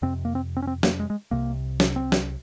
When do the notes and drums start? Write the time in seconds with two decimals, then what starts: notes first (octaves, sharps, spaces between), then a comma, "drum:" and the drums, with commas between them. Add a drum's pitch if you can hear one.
0.02 F2 C3 C4
0.25 A#3
0.35 C4
0.57 C4
0.62 C#4
0.67 C4
0.83 A#3, drum: snare
1.00 G#3
1.10 G#3
1.31 C2 C3 A#3
1.80 drum: snare
1.96 C4
2.12 drum: snare